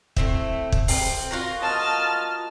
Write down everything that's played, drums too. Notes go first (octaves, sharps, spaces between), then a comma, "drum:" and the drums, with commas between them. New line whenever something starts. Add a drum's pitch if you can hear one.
A3 C4 E4, drum: kick
drum: kick
C4, drum: open hi-hat
F4 F#4 A#4
D#5 A5 F6